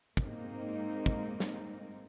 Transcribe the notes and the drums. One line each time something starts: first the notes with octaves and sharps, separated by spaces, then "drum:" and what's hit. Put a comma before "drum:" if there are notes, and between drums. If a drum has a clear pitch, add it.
G#2 A#3 C4 D#4, drum: kick
drum: kick
drum: snare